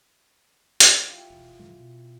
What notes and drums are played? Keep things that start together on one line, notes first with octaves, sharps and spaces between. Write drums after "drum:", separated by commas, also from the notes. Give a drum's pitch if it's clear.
drum: hi-hat
E3 F4 G4
E1
C3 F#3 G#3
B2